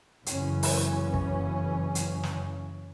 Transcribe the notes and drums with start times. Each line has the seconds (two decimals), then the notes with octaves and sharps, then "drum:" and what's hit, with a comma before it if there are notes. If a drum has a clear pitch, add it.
0.26 F#1 F#2 C#3 E3 C#4, drum: hi-hat
0.63 drum: open hi-hat
1.14 drum: kick
1.95 drum: hi-hat
2.23 drum: snare